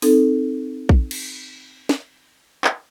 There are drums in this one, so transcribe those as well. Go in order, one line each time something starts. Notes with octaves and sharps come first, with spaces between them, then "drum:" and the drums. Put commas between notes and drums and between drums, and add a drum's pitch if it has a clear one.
C4 D#4 A4, drum: open hi-hat
drum: kick A#1
drum: cymbal
drum: snare
drum: clap